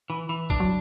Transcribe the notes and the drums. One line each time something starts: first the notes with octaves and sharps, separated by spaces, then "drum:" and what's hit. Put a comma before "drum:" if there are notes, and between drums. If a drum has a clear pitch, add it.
E3
E3
D4, drum: kick A#1
F#3